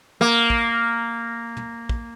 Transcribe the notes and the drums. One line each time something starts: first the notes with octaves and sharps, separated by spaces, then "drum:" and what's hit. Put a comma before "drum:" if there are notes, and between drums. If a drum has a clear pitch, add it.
A#3
drum: kick
drum: tom
drum: kick